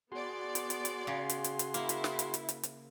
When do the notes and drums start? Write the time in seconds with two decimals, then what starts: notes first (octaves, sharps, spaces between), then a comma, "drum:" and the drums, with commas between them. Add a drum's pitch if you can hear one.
0.12 B3 F#4 G#4 D5 C6
0.55 drum: hi-hat
0.70 drum: hi-hat
0.85 drum: hi-hat
1.07 C#3
1.30 drum: hi-hat
1.44 drum: hi-hat
1.59 drum: hi-hat
1.74 A#3 E4, drum: hi-hat
1.89 drum: hi-hat
2.04 drum: snare
2.19 drum: hi-hat
2.34 drum: hi-hat
2.49 drum: hi-hat
2.63 drum: hi-hat